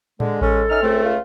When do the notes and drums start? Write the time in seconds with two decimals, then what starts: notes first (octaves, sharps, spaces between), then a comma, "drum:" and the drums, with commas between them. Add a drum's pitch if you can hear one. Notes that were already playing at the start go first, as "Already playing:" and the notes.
0.20 D3 G#3, drum: tom A2
0.41 C#4 A4, drum: kick A1
0.70 C#4 D#4 E5 F6
0.82 C#2 A3 C4
1.05 F4